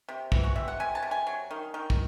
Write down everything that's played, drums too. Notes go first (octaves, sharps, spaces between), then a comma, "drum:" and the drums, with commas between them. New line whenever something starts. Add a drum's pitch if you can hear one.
C3
E3, drum: kick
F#4
C3 E5
F#5
C3 G#5
A5
C3
G#5
F#3
D#3
D#3
drum: kick